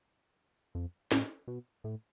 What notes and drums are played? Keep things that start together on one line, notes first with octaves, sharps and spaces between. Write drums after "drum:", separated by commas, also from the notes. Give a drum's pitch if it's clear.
F2
A2, drum: snare
B2
A2